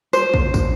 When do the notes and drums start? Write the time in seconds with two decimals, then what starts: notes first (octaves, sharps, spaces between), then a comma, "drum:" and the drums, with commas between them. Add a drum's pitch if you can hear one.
0.13 C5, drum: tambourine
0.34 drum: kick
0.54 drum: kick, tambourine